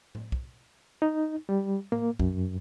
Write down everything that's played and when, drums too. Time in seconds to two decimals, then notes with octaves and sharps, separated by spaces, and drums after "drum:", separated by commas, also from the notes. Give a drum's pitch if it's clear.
0.15 drum: tom A2
0.32 drum: kick
1.02 D#4
1.49 G3
1.92 A#3, drum: tom A2
2.20 F#2, drum: kick